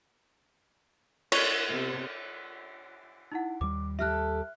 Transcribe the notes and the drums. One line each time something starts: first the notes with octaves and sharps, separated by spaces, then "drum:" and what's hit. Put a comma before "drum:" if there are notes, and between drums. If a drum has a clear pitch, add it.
C#5, drum: cymbal
C3 B3
D#4 E4 F#5
D#2 G3 D6
G4 A4 E5 F6 F#6